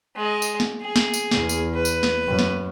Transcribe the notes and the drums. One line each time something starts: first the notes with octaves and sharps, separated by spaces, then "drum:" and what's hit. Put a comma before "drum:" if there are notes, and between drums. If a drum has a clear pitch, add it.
G#3 D#5
drum: tambourine
drum: snare
G#4
drum: snare
drum: tambourine
E2, drum: snare
drum: tambourine
B4
drum: tambourine
drum: snare
F#2
drum: snare